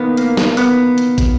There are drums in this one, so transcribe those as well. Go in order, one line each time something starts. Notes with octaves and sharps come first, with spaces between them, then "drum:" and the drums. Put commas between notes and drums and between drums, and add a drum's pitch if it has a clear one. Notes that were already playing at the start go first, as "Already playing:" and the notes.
Already playing: D#3 A#3 B3
A#3, drum: hi-hat
drum: snare
B3, drum: open hi-hat
drum: hi-hat
drum: kick, hi-hat